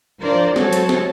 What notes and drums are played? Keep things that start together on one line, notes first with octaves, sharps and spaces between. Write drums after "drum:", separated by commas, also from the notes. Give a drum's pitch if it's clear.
F3 D4 F4 A#4 C5 D5
F#3 G#3 C4 F#4 A4 C#5, drum: snare
drum: hi-hat
drum: snare